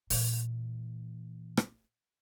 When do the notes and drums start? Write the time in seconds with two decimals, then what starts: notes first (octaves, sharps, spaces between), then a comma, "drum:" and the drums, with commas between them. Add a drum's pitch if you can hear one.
0.10 A#2 E3, drum: open hi-hat
1.57 drum: rim click